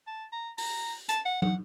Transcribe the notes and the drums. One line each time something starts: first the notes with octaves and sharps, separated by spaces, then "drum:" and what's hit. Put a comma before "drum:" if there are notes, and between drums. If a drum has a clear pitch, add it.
A5
A#5
A#5, drum: open hi-hat
A5, drum: hi-hat
F#5
F#5, drum: tom